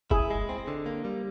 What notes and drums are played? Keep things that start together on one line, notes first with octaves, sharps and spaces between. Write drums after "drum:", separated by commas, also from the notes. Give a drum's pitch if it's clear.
E4 G#4, drum: kick
G#3
C4
D3
A#3
G3